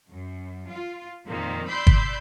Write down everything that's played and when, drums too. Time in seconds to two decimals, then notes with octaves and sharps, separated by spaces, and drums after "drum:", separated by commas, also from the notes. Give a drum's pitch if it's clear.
0.10 F#2
0.69 F4
1.25 F2 A#2 D#3 A#3 C4
1.67 D5 B5 C6 E6 G6
1.87 drum: kick